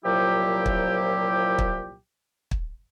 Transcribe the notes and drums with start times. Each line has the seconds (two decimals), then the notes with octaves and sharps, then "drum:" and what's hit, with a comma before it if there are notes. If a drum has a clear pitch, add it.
0.04 C2 A#2 F3 F#3 E4 G4
0.66 drum: kick
1.58 drum: kick
2.51 drum: kick